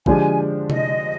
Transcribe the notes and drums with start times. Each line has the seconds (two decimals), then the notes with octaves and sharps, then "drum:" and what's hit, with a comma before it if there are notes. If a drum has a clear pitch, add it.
0.06 D3 F3 G#3 D4 G4 G#5, drum: kick
0.70 D#5, drum: tom C3